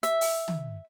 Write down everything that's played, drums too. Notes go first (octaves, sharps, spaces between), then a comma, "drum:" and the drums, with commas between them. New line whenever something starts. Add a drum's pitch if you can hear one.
E5, drum: hi-hat
drum: open hi-hat
drum: tom